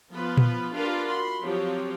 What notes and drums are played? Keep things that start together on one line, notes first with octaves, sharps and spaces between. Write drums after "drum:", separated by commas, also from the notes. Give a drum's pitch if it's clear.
F3 B3 F4 B4
drum: tom A#2
D4 F4 G4 A#4 B4 F5
F#4 B5 C6
F3 F#3 C4 G4 C#5